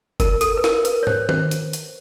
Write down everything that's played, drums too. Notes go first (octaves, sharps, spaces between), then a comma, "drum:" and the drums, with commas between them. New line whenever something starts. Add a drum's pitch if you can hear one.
A#4, drum: kick F#1, hi-hat
A4, drum: hi-hat
B4
A#4, drum: snare
B4, drum: hi-hat
C#5
C5, drum: tom
C5, drum: tom D#3
drum: hi-hat
drum: hi-hat